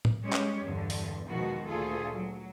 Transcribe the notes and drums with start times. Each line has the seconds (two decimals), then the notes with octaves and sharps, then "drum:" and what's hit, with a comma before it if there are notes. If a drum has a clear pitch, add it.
0.05 drum: tom A2
0.23 G3 G#3 C#4 G4 C#5
0.33 drum: clap
0.63 E2 G2 D3
0.90 drum: open hi-hat
1.26 E2 B2 D#3 F3 G#3 F#4
1.66 D2 A#2 F4 G#4 A4
2.13 F#3